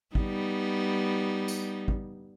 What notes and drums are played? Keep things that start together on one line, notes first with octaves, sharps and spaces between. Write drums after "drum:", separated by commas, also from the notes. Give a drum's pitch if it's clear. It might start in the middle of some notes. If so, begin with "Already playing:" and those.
G3 B3 D#4, drum: kick
drum: tambourine
drum: kick